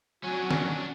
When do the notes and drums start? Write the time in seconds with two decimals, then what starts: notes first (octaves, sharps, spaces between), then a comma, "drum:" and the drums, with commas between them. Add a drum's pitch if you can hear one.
0.24 F#3 C#4 D4 F#4 G#5
0.51 drum: snare